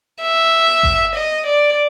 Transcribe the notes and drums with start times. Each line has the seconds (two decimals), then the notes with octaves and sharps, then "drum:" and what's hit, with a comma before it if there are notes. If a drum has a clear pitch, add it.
0.21 E5
0.83 drum: kick G1
1.14 D#5
1.46 D5